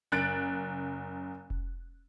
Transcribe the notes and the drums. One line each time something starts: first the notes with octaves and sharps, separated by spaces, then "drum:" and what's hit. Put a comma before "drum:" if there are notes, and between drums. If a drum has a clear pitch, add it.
F#1 F#6 A6 D7
drum: kick F1